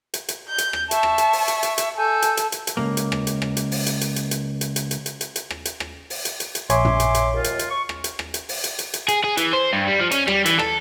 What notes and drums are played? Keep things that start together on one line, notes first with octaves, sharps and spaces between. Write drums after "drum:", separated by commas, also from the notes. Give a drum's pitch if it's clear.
drum: hi-hat
drum: hi-hat
G6
drum: hi-hat
drum: rim click
E5 A5 C#6, drum: hi-hat
drum: rim click
drum: hi-hat
drum: open hi-hat
drum: hi-hat
drum: hi-hat
drum: hi-hat
A4 G#5 G6
drum: hi-hat
drum: hi-hat
drum: hi-hat
drum: hi-hat
C#2 G#2 A#3
drum: hi-hat
drum: rim click
drum: hi-hat
drum: rim click
drum: hi-hat
drum: open hi-hat
drum: hi-hat
drum: hi-hat
drum: hi-hat
drum: hi-hat
drum: hi-hat
drum: hi-hat
drum: hi-hat
drum: hi-hat
drum: hi-hat
drum: hi-hat
drum: rim click
drum: hi-hat
drum: rim click
drum: open hi-hat
drum: hi-hat
drum: hi-hat
drum: hi-hat
A#1 C#5 E5 G#5 C6 D6, drum: hi-hat
drum: tom
drum: hi-hat
drum: hi-hat
D#2 F4
drum: hi-hat
drum: hi-hat
C#6
drum: rim click
drum: hi-hat
drum: rim click
drum: hi-hat
drum: open hi-hat
drum: hi-hat
drum: hi-hat
drum: hi-hat
G#4, drum: hi-hat
G#4
E3, drum: hi-hat
C5
G2
G3
F3
C#4, drum: hi-hat
G3, drum: rim click
E3, drum: hi-hat
A4, drum: rim click